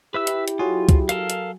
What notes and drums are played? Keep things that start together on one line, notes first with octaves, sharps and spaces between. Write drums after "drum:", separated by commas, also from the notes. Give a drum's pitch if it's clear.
E4 G4 B4 E5 E6
drum: hi-hat
drum: hi-hat
F#3 F4 F#4 G#4
drum: kick C#2, hi-hat
A4 A#4 F5, drum: hi-hat
drum: hi-hat